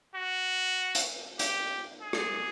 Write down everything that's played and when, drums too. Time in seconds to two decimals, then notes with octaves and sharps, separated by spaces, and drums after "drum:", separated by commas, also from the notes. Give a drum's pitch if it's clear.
0.15 F#4
0.95 drum: hi-hat
1.39 G4, drum: hi-hat
2.02 G#4
2.13 drum: rim click